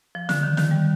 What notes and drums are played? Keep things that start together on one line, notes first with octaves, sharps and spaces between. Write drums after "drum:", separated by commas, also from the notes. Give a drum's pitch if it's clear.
F3
D3, drum: snare
D#3
D#3, drum: snare
G3